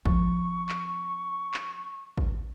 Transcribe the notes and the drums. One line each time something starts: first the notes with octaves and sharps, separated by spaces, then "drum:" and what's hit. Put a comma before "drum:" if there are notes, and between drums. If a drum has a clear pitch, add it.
F3 C4 C#6, drum: kick
drum: clap
drum: clap
drum: kick